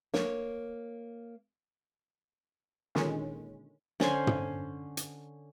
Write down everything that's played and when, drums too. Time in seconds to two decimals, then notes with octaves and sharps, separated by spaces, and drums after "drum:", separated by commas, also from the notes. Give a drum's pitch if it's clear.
0.14 A#3 C#5, drum: snare
2.95 A#2 D3 D#3 G#3 C#4, drum: snare
4.00 D3 C#4 C5 G#5, drum: snare
4.27 drum: tom
4.97 drum: hi-hat